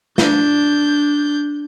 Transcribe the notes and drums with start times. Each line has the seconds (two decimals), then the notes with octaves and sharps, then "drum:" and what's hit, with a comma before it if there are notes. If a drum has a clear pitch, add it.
0.18 D4 G6, drum: snare